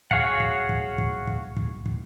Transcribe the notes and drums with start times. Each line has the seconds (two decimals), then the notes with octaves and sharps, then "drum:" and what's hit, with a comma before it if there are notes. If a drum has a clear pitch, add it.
0.11 F#4 G#4 C#5 F5 F#5, drum: kick
0.40 drum: kick
0.69 drum: kick
0.98 drum: kick
1.27 drum: kick
1.57 drum: kick
1.86 drum: kick